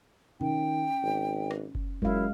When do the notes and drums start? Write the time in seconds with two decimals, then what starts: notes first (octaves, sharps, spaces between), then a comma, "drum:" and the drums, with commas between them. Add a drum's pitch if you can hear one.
0.41 D#3 C#4 G5, drum: tom B2
1.03 G#1
1.51 drum: rim click
1.75 drum: kick F#1
2.02 F#2 G#3 E4 F5, drum: kick F#1